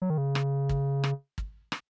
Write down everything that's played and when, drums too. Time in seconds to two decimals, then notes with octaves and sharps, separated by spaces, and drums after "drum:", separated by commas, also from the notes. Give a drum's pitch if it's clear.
0.02 F#3
0.10 D#3
0.18 C#3
0.35 drum: rim click
0.69 drum: kick
1.04 drum: rim click
1.38 drum: kick
1.72 drum: rim click